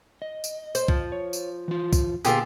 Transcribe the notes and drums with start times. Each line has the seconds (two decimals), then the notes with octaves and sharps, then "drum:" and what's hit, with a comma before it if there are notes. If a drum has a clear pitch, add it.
0.22 D#5
0.44 drum: tambourine
0.75 C5, drum: tambourine
0.88 F3, drum: kick
1.12 C#5
1.33 drum: tambourine
1.68 E3 F4
1.93 drum: kick, tambourine
2.25 A#2 D3 B3 F4 G4 G#4, drum: tambourine